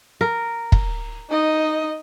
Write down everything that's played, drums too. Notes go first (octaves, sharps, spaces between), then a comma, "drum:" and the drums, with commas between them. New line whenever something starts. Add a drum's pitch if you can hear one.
A#4
drum: kick
D#4 D#5